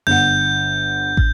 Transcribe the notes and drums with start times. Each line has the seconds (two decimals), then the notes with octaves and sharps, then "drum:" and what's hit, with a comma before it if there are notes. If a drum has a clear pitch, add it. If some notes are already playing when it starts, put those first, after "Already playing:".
0.07 G1 F#5 G6
1.17 drum: kick